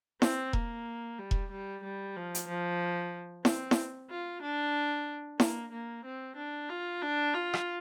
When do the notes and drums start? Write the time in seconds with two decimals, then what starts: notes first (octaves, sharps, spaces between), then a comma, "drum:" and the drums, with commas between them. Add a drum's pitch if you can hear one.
0.22 C4, drum: snare E4
0.53 A#3, drum: kick E1
1.19 G3
1.31 drum: kick E1
1.51 G3
1.84 G3
2.16 F3
2.35 drum: hi-hat
2.48 F3
3.45 C4, drum: snare E4
3.71 drum: snare E4
4.10 F4
4.42 D4
5.40 A#3, drum: snare E4
5.72 A#3
6.05 C4
6.36 D4
6.69 F4
7.02 D4
7.34 F4
7.54 drum: rim click